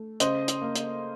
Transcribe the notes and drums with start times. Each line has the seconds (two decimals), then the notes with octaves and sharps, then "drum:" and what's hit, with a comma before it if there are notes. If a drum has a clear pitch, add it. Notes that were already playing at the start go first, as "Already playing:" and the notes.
Already playing: A3
0.20 C#3 C5 D#5, drum: hi-hat
0.48 drum: hi-hat
0.62 A#3
0.76 drum: hi-hat